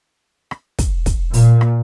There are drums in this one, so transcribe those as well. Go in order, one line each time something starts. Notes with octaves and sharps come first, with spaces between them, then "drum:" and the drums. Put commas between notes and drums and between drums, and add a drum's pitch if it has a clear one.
drum: rim click
drum: kick, hi-hat
drum: kick, hi-hat
A#2, drum: open hi-hat
drum: rim click